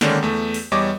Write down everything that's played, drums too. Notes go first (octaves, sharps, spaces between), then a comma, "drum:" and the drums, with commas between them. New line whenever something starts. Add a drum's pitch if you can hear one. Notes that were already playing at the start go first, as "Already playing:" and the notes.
D3 D#3 G#3 A#3 C#4 D4, drum: snare
E2 A3
drum: open hi-hat
E2 G3 C#5 D#5 D6